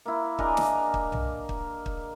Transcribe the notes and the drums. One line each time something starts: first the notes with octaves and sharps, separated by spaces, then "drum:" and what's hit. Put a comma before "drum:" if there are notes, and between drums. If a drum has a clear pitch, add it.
A#3 E4
D4 G#4 A#4 D#5, drum: kick
drum: snare
drum: kick
drum: tom B1
drum: kick
drum: kick